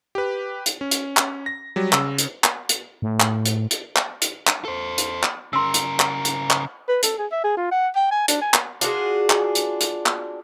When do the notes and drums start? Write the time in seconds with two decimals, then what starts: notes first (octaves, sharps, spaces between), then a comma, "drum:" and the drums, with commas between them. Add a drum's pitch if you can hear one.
0.15 G4 B4
0.66 drum: hi-hat
0.81 C#4
0.91 drum: hi-hat
1.17 drum: clap
1.46 A#6
1.76 F#3 G3
1.92 C#3 E6, drum: clap
2.18 drum: hi-hat
2.44 drum: clap
2.69 drum: hi-hat
3.02 A2
3.20 drum: clap
3.46 drum: hi-hat
3.71 drum: hi-hat
3.96 drum: clap
4.22 drum: hi-hat
4.47 drum: clap
4.65 A4 C5
4.98 drum: hi-hat
5.23 drum: clap
5.53 C#3 A#4 C6 E6
5.74 drum: hi-hat
6.00 drum: clap
6.25 drum: hi-hat
6.50 drum: clap
6.88 B4
7.03 A4, drum: hi-hat
7.18 G#4
7.32 E5
7.44 G#4
7.57 F4
7.71 F#5
7.96 G5
8.11 G#5
8.28 D4, drum: hi-hat
8.42 G#5
8.54 drum: clap
8.81 D4 F4 F#4 G#4, drum: hi-hat
9.30 drum: clap
9.55 drum: hi-hat
9.81 drum: hi-hat
10.06 drum: clap